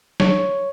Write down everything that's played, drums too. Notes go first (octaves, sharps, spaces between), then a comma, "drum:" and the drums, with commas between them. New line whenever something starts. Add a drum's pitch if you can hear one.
C#5, drum: snare